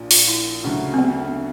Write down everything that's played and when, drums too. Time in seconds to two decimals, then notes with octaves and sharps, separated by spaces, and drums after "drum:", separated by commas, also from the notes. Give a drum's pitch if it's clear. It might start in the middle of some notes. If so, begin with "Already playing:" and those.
Already playing: A#1 A#2 F3
0.11 F4, drum: open hi-hat
0.28 E4
0.64 D2 C#3 F#3 A3
0.94 C4
0.98 B3